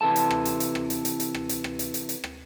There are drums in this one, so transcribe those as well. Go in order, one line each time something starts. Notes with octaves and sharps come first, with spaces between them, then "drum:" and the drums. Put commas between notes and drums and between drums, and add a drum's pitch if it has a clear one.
C3 E3 A4 A5
drum: hi-hat
drum: rim click
drum: hi-hat
drum: hi-hat
drum: rim click
drum: hi-hat
drum: hi-hat
drum: hi-hat
drum: rim click
drum: hi-hat
drum: rim click
drum: hi-hat
drum: hi-hat
drum: hi-hat
drum: rim click